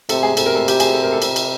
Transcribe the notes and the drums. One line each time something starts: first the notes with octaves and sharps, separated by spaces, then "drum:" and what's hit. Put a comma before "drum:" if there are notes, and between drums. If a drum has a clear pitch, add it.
C3 A4, drum: cymbal
G#4
C3 A4, drum: cymbal
A#4
A4
G4, drum: cymbal
G#4, drum: cymbal
A4
A#4
A4
C3, drum: cymbal
drum: cymbal